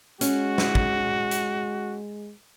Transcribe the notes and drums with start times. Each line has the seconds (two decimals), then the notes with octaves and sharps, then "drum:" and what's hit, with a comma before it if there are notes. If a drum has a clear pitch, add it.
0.21 G#3 C#4 F#4, drum: hi-hat
0.58 drum: snare
0.75 drum: kick
1.31 drum: hi-hat